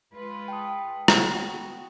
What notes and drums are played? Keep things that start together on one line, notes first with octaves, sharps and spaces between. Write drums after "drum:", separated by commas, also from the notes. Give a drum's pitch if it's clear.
G#3 F4 B4
G5 A5 D#6
B3 F#4, drum: rim click